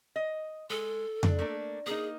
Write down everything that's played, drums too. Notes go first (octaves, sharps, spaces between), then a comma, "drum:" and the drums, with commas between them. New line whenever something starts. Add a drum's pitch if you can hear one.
D#5
G#3 A4
D4, drum: tom F2
A3 A#3 D4
A#3 D#4 G#4